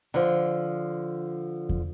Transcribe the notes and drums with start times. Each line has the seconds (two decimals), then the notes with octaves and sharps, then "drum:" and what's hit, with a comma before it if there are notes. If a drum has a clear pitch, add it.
0.14 D3 F3
1.69 drum: kick E2